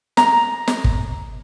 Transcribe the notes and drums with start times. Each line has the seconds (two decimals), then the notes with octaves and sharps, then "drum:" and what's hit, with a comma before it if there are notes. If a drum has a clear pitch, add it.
0.17 A#5, drum: snare
0.68 drum: snare
0.84 drum: kick